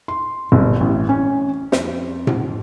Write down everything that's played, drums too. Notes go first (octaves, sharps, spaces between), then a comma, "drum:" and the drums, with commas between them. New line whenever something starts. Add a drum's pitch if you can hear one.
C6
G1
A1
C#4
F2, drum: snare
drum: tom A2